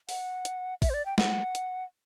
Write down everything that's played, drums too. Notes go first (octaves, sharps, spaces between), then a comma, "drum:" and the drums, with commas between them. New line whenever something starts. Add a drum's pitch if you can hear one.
F#5, drum: open hi-hat
drum: hi-hat
E5, drum: kick, open hi-hat
C5
D5
G5
F#5, drum: snare
drum: hi-hat